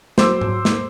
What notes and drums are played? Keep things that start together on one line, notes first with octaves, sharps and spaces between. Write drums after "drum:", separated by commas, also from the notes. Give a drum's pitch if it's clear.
F#3 C5 D6 E6, drum: snare
drum: tom G#2
drum: snare